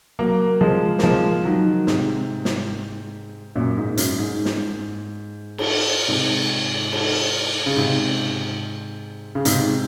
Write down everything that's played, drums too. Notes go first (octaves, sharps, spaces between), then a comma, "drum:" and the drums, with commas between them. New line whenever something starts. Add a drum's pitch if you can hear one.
F#3 A#3
F3 G#3
A#3, drum: snare
F3 G#3
D#3 F#3
G#2 C3, drum: snare
drum: snare
F#2 A#2
G#2
F#2, drum: hi-hat
G#2
drum: snare
drum: cymbal
G#2 C3
drum: cymbal
C#3
G#2 C3
C#3
G#2 C3, drum: hi-hat